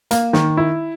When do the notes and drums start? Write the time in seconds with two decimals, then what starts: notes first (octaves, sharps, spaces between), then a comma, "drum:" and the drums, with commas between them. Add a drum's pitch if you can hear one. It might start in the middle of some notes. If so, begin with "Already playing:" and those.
0.11 A#3, drum: hi-hat
0.33 D#3, drum: snare
0.57 E4